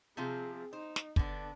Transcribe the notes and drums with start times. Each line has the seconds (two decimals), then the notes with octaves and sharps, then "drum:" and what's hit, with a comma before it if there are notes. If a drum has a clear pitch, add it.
0.17 C3 F3 C4 F4 G#4
0.73 D#4 C5
0.96 drum: snare
1.16 D3 B3 D4, drum: kick